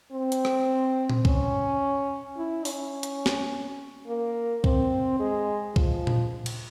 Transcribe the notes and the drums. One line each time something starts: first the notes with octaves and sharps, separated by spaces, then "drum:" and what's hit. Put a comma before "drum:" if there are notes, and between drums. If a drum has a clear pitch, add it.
C4
drum: hi-hat
drum: rim click
drum: tom A#2
C#4, drum: kick C2
E4
C#4, drum: open hi-hat
drum: hi-hat
drum: snare
A#3
C4, drum: kick C2
G#3
F3, drum: kick C2
drum: tom A#2
drum: cymbal